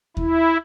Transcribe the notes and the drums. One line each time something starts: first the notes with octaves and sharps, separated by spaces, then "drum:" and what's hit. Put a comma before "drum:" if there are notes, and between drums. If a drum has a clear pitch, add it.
E4, drum: kick D#2